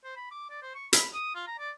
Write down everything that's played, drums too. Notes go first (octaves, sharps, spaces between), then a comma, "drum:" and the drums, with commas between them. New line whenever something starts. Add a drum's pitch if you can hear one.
C5
B5
D6
D5
C5
C#6
B5, drum: hi-hat
D#6
F4
A#5
D5